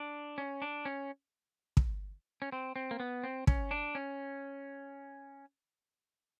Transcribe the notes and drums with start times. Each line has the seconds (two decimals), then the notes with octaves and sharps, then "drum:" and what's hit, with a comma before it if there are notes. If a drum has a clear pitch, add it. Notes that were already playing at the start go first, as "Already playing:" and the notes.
Already playing: D4
0.38 C#4
0.62 D4
0.85 C#4
1.77 drum: kick
2.42 C#4
2.52 C4
2.76 C4
2.91 A#3
3.00 B3
3.24 C4
3.47 C#4, drum: kick
3.71 D4
3.95 C#4